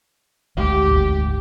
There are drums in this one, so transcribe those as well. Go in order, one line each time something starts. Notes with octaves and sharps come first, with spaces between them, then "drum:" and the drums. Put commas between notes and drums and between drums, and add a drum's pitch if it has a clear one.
G#1 D2 G#2 G4
drum: kick F#1